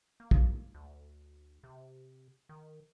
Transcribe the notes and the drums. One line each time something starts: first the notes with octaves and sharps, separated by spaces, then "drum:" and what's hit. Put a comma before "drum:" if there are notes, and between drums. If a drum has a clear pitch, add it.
A#3
drum: kick
D2
C3
D#3